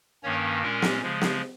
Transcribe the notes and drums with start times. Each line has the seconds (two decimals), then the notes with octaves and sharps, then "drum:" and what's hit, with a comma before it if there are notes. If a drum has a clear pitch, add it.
0.23 G2 D#3 A#3 C#4 C#5
0.62 A#2 G#3 C#4 A#4
0.82 drum: snare
1.02 C#3 F3 G#3
1.21 drum: snare